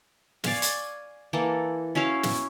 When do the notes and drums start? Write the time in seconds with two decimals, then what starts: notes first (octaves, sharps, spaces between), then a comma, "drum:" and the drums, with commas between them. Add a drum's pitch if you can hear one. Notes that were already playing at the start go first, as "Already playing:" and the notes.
0.44 D5 F5 G#5 C#6, drum: snare
0.62 drum: hi-hat
1.33 E3 A#3 A4 F#5
1.95 C#4 E4 F#4 F5
2.23 drum: snare